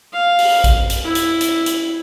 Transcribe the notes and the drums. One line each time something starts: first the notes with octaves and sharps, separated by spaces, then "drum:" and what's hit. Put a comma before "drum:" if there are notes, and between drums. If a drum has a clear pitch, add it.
F5
drum: open hi-hat
drum: kick A#1, hi-hat
drum: hi-hat
E4
drum: hi-hat
drum: hi-hat
drum: hi-hat